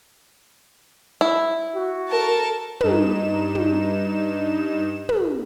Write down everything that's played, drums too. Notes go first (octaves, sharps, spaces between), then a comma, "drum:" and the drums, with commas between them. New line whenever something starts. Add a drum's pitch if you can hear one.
E4
F#4
A4 A#4 A5
G2 D#4 E7, drum: tom
drum: tom
drum: tom